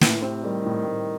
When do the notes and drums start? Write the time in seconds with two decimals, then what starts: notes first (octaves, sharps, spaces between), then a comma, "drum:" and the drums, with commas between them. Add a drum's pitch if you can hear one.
0.01 A2 E3, drum: snare
0.22 C3 C4
0.43 D#3 G3
0.65 A2
0.86 A2